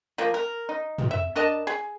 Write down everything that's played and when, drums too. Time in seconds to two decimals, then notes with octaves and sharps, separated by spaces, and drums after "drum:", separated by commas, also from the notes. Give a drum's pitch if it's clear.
0.18 F3 A#3
0.34 A#4
0.69 D#4
0.98 drum: tom
1.11 E5
1.36 D4 A#4 D#5 A5
1.67 G#4